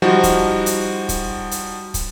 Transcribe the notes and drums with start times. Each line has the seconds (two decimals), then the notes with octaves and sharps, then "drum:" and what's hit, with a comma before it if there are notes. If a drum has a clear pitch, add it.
0.02 F3 G3 D#4 F#4
0.23 drum: kick, hi-hat
0.66 drum: hi-hat
1.09 drum: kick, hi-hat
1.51 drum: hi-hat
1.94 drum: kick, hi-hat